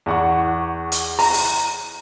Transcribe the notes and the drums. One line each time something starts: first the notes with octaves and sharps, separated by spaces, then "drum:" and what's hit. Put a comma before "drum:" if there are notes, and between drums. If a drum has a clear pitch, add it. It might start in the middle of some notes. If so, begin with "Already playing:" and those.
E2 F#5 C#6
drum: hi-hat
A#5, drum: open hi-hat
drum: open hi-hat